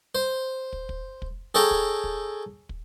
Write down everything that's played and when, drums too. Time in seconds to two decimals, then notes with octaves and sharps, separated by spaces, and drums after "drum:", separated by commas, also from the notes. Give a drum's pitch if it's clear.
0.15 C5
0.73 drum: kick
0.89 drum: kick
1.22 drum: kick
1.55 G#4 A4 C#5 G5 A#5
1.71 drum: kick
2.04 drum: kick
2.69 drum: kick